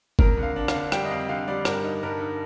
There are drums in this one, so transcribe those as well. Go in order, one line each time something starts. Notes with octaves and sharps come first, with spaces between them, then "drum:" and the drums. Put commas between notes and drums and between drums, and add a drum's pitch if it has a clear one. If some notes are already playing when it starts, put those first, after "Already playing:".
F2 A#4, drum: kick F#1
D3
F5
D4
F5, drum: rim click
D3
G3 G5, drum: rim click
D#5
F2 F5
D3 F5
G3 D5
G2 A#4, drum: rim click
D#4
G2 A#4
D#4